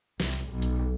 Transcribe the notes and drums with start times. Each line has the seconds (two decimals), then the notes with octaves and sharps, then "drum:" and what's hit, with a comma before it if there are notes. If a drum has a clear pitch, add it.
0.20 C2, drum: snare
0.50 B1
0.62 drum: hi-hat